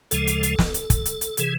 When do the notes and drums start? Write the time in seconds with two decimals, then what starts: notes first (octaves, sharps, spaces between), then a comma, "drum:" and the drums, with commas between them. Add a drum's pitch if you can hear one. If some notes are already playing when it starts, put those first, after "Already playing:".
0.11 D2 C#3 F3 G#3 A4, drum: hi-hat
0.27 drum: hi-hat
0.43 drum: hi-hat
0.59 drum: snare
0.74 drum: hi-hat
0.90 drum: kick, hi-hat
1.06 drum: hi-hat
1.21 drum: hi-hat
1.37 C3 E3 G#4, drum: hi-hat